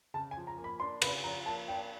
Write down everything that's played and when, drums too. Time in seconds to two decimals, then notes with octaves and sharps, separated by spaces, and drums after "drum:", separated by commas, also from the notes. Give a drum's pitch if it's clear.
0.14 C#3 A5
0.31 G#5
0.37 F3
0.47 A#5
0.58 A#3
0.64 B5
0.80 D4 C6
1.02 C#3 B5, drum: cymbal
1.24 F3 A#5
1.46 A#3 A5
1.68 D4 G5